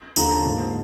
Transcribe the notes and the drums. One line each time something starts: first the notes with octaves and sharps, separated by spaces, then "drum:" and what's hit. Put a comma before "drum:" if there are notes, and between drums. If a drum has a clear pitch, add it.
D#2 D3 F3 A#3 A#5, drum: tambourine
A5
G#2 F3 A#3